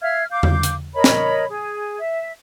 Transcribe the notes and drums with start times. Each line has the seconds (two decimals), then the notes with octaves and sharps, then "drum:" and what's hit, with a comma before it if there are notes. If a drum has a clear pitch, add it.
0.01 E5 F5 F6 G#6
0.31 F5 D6 G6
0.43 drum: tom E2
0.63 drum: hi-hat
0.95 A#4 C#5 D#5 B5
1.04 drum: snare
1.49 G#4
1.99 E5